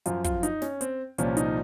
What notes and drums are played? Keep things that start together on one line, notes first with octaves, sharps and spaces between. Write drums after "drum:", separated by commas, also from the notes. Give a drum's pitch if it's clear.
F#2 F3 F4, drum: hi-hat
F4, drum: kick, hi-hat
D#4, drum: hi-hat
C#4, drum: snare
C4, drum: hi-hat
C2 A#2 F3 C#4, drum: hi-hat
D#4, drum: hi-hat